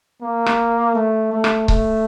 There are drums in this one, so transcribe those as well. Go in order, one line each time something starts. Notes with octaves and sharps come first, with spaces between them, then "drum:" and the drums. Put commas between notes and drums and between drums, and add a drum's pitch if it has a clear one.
A#3
drum: rim click
A3
A3
drum: rim click
A3, drum: kick C#1